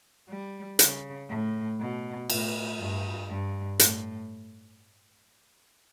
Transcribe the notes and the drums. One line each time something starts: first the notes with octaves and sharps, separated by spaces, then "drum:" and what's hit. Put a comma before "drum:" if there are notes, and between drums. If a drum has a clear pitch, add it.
G3
C#3, drum: hi-hat
A2
B2
A2, drum: cymbal
G2
G2
A2, drum: hi-hat